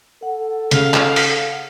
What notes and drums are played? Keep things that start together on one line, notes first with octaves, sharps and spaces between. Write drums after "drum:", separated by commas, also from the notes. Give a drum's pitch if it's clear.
A4 F#5
C#3 F5, drum: hi-hat
drum: clap
drum: open hi-hat